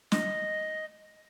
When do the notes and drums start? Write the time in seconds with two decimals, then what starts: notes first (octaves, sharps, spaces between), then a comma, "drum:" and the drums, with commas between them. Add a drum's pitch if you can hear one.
0.12 D#5, drum: snare